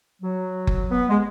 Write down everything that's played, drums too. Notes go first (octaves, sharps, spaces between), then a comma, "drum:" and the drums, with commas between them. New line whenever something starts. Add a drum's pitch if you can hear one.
F#3
drum: kick F#1
B3
G#3